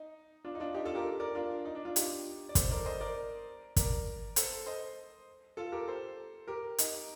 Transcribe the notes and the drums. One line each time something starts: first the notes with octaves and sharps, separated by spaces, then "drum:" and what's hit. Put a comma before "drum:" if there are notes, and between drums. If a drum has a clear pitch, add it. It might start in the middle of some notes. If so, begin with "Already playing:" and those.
Already playing: D#4
D4 F4
D#4
D4 F4
D#4 G4
F4 A4
G4 A#4
A#4 D5
D4 F4
D#4
D4
D4 F4
D#4 G4, drum: hi-hat
D5
A4 C5, drum: kick, hi-hat
A#4 D5
C5 D#5
A#4 D5
A#4 D5, drum: kick, hi-hat
A4 C5, drum: hi-hat
C5 D#5
F4 A4
G4 A#4
A4 C5
G4 A#4
D#4, drum: hi-hat